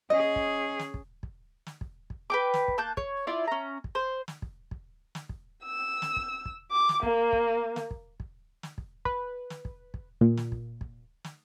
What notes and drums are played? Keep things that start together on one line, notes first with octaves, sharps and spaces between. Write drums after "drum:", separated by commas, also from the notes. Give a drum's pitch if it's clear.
C#4 G#4 D#5
drum: kick
drum: snare
drum: kick
drum: kick
drum: snare
drum: kick
drum: kick
B4 G5 D6
drum: snare
drum: kick
A#3 A5 F#6 G6
C#5, drum: kick
E4 F4 D5
C#4 A#5
drum: kick
C5
drum: snare
drum: kick
drum: kick
drum: snare
drum: kick
E6
drum: snare
drum: kick
drum: kick
D6
drum: snare
A#3, drum: kick
drum: kick
drum: snare
drum: kick
drum: kick
drum: snare
drum: kick
B4, drum: kick
drum: snare
drum: kick
drum: kick
A#2
drum: snare
drum: kick
drum: kick
drum: snare